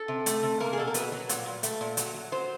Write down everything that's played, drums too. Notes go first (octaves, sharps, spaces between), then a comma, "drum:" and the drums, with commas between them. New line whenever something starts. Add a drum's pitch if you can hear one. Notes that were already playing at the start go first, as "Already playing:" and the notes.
Already playing: A4
C3
A3, drum: hi-hat
C3
A#3 A#4
G#4
B2 A4
A#4
F#3 B4, drum: hi-hat
F#3
A#2, drum: hi-hat
A#2
A3, drum: hi-hat
A#2
F#3, drum: hi-hat
F#3
F#3 C5